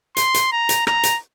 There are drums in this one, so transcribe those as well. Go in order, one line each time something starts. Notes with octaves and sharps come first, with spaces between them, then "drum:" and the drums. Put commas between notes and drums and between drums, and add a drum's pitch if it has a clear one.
C6, drum: hi-hat
drum: hi-hat
A#5
drum: hi-hat
A#5, drum: rim click
drum: hi-hat